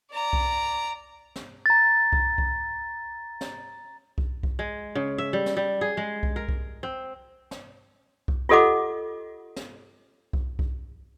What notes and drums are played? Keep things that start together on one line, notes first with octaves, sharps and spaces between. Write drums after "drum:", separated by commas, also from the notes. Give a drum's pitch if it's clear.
D5 A#5
drum: kick B1
drum: snare
A#5 A6
drum: kick B1
drum: kick B1
drum: snare
drum: kick B1
drum: kick B1
G#3
C#3
E5
G3
drum: snare
G3
G#4
G#3
drum: kick B1
A#4
drum: kick B1
C4
drum: snare
drum: kick B1
F4 G4 A4 D#5 F#5 D6
drum: snare
drum: kick B1
drum: kick B1